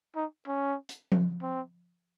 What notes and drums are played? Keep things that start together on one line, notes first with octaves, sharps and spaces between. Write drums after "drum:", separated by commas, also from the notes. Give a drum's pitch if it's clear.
D#4
C#4
drum: hi-hat
drum: tom F3
C4